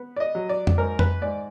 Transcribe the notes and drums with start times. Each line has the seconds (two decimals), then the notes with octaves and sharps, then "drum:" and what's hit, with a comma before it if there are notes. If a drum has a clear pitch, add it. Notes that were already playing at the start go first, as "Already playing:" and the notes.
Already playing: B3
0.16 D5
0.20 D#5
0.35 F#3
0.49 D5
0.67 drum: tom F2
0.78 G#2 A#4
0.99 B4, drum: tom F2
1.22 G#2 D5